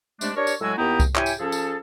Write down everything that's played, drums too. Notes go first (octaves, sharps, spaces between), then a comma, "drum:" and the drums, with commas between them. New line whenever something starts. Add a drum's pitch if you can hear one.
C3 G#3 A3 D4, drum: tambourine
D4 G4 A#4 C#5
drum: tambourine
A2 F#3 G#3 F#4 G#5 E6
D#2 B3 E4 D#5 G5 A#5
drum: kick C2, tambourine
E4 G4 C#5 G5 G#5, drum: clap
drum: tambourine
F3 C#4 G#4 A4
drum: tambourine